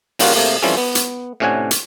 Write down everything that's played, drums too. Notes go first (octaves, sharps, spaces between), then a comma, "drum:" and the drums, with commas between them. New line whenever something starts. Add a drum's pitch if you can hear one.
C#3 G3 A#3 F4 F#4, drum: open hi-hat
C3 A3 A#3
E3 F3 G3 C4 C#4 A4
B3
drum: hi-hat
A2 C3 C#4 D4 F#5 G#5
drum: hi-hat